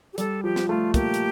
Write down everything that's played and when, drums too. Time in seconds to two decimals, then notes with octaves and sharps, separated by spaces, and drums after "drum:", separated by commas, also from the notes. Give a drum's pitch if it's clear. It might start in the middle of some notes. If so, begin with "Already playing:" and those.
0.13 G4
0.18 G3 A4, drum: hi-hat
0.43 F3 G4
0.56 drum: snare
0.69 A3 F4
0.94 A#3 G4, drum: kick, hi-hat
1.14 drum: hi-hat